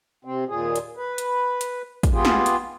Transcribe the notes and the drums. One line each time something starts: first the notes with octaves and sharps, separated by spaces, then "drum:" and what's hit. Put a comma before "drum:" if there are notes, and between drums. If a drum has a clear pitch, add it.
C3 C4
D#2 A#2 G#4
drum: hi-hat
B4
drum: hi-hat
drum: hi-hat
drum: kick, hi-hat
B3 F4 G4 G#4
drum: snare
drum: hi-hat